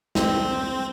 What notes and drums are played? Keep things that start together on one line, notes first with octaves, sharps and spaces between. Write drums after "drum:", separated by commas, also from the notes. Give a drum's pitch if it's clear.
C4, drum: snare